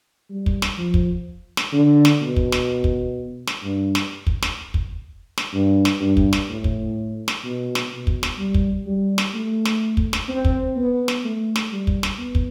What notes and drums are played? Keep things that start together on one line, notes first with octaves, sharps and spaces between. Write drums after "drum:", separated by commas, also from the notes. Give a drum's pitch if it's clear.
G3
drum: kick
drum: snare
F3
drum: kick
drum: snare
D3
drum: snare
B2
drum: kick
drum: snare
drum: kick
drum: snare
G2
drum: snare
drum: kick
drum: snare
drum: kick
drum: snare
G2
drum: snare
G2
drum: kick
drum: snare
A2
drum: kick
drum: snare
B2
drum: snare
B2
drum: kick
drum: snare
G3
drum: kick
G3
drum: snare
A3
drum: snare
drum: kick
drum: snare
C4
drum: kick
B3
drum: snare
A3
drum: snare
G3
drum: kick
drum: snare
B3
drum: kick